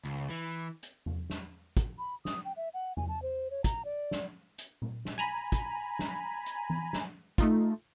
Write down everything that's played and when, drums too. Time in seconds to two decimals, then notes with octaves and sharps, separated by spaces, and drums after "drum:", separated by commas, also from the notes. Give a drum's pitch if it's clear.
0.05 C#2
0.29 E3
0.83 drum: hi-hat
1.06 drum: tom E2
1.30 drum: snare
1.77 drum: kick, hi-hat
1.98 B5
2.25 D#6, drum: snare
2.45 G5
2.57 E5
2.74 F#5
2.97 G#5, drum: tom E2
3.08 A5
3.22 C5
3.51 C#5
3.64 A#5, drum: kick, hi-hat
3.85 D5
4.11 drum: snare
4.58 drum: hi-hat
4.82 drum: tom A#2
5.05 drum: snare
5.18 G#5 A#5 B5
5.52 drum: kick, hi-hat
5.99 drum: snare
6.46 drum: hi-hat
6.70 drum: tom E3
6.93 drum: snare
7.38 A3 D#4 F4, drum: kick, hi-hat